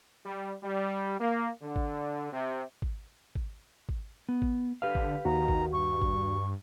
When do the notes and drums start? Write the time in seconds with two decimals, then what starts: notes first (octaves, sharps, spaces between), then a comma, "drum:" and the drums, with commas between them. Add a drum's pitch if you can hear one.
0.25 G3
0.63 G3
1.19 A#3
1.62 D3
1.76 drum: kick G#1
2.33 C3
2.82 drum: kick G#1
3.35 drum: kick G#1
3.89 drum: kick G#1
4.29 B3
4.42 drum: kick G#1
4.82 D3 G4 B4 F5
4.95 drum: kick G#1
5.25 D#2 D#3 F#4 A#5
5.48 drum: kick G#1
5.73 G2 C#6
6.02 drum: kick G#1